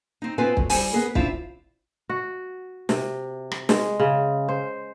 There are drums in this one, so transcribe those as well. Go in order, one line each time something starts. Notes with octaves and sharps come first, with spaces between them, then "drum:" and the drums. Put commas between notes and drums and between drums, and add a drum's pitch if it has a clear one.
C4 D#4
B3 C4 F4 B4 G#5
D2, drum: kick
G3 E4 C5 G#5, drum: open hi-hat
B3 G#4 A#4
C4 D4 E4 F4, drum: kick
F#4
C3, drum: snare
drum: rim click
G#3, drum: snare
C#3
C5